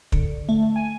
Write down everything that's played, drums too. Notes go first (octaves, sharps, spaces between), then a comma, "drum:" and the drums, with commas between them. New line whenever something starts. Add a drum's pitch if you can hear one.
D3, drum: kick
A3
G#5